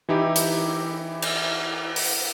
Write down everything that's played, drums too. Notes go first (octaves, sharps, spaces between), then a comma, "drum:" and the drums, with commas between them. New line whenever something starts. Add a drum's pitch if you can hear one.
E3 D#4 E4 G4
drum: hi-hat
drum: cymbal
drum: open hi-hat